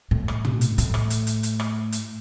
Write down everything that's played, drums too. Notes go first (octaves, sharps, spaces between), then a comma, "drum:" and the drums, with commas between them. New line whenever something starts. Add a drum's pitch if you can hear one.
A2
drum: rim click
drum: tom
drum: hi-hat
A2, drum: hi-hat
drum: rim click
drum: hi-hat
drum: hi-hat
drum: hi-hat
drum: rim click
drum: hi-hat